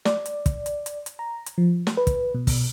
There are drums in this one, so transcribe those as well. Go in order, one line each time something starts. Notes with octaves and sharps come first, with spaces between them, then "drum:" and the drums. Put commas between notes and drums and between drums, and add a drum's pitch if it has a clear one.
D5, drum: snare
drum: hi-hat
drum: kick, hi-hat
drum: hi-hat
drum: hi-hat
drum: hi-hat
A#5
drum: hi-hat
F3
drum: snare
B4
drum: kick, hi-hat
B2
drum: kick, open hi-hat